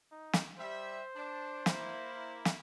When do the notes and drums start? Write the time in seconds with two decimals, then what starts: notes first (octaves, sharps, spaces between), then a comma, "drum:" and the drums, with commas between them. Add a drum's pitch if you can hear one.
0.12 D#4
0.33 drum: snare
0.59 G3 C5 E5
1.16 D4
1.66 A#3 E4, drum: snare
2.45 drum: snare